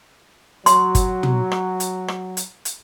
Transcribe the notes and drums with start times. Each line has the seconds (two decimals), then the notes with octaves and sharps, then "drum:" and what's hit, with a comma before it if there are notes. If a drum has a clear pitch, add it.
0.66 F#3 C6, drum: hi-hat
0.95 drum: kick G1, hi-hat
1.23 drum: tom
1.52 drum: rim click
1.80 drum: hi-hat
2.08 drum: rim click
2.37 drum: hi-hat
2.65 drum: hi-hat